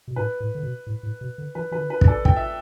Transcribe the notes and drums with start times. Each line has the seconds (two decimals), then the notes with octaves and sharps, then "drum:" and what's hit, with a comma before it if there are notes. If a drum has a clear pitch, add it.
0.08 B2
0.16 A2 B4
0.40 A2
0.55 D3
0.63 B2
0.87 A2
1.03 A2
1.21 B2
1.38 D3
1.55 E3 B4
1.72 E3 B4
1.78 D3
1.90 B4
2.01 B2, drum: kick
2.07 A4 D5
2.25 G2 G5, drum: kick
2.36 E5